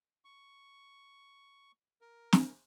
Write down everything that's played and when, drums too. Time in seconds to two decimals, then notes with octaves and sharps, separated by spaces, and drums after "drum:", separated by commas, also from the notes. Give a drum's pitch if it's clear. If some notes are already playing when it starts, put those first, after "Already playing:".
0.25 C#6
2.01 A#4
2.33 drum: snare